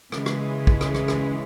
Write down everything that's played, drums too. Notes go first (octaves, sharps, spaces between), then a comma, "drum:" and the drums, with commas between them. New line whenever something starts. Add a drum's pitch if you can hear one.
C#3 E3 G#3, drum: rim click
drum: rim click
drum: kick
drum: rim click
drum: rim click
drum: rim click